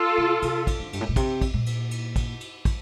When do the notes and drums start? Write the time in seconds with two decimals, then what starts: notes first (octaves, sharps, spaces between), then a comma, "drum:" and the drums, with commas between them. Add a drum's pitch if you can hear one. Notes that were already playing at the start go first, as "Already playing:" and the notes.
Already playing: F4 A4
0.18 C3
0.42 C3, drum: cymbal
0.67 drum: kick, cymbal
0.79 D3
0.93 G2, drum: cymbal
1.01 A2
1.09 A#2
1.16 C3, drum: kick, cymbal
1.41 drum: kick, cymbal
1.54 A#2
1.66 drum: cymbal
1.91 drum: cymbal
2.16 drum: kick, cymbal
2.41 drum: cymbal
2.65 drum: kick, cymbal